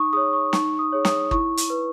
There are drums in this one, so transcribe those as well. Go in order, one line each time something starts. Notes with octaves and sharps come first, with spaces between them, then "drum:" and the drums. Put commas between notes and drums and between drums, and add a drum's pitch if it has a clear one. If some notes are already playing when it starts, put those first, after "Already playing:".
Already playing: D#4 C#6 D#6
G#4 C#5 D#6
C#6
D#4 C#6, drum: snare
D#6
G#4 C#5
D#6, drum: snare
E4 C#6, drum: kick
drum: hi-hat
B4